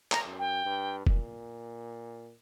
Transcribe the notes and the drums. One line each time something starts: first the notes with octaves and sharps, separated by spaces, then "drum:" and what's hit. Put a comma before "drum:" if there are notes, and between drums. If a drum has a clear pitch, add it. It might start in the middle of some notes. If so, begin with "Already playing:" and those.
A#5, drum: clap
F#2
G5
G2
A#2, drum: kick F1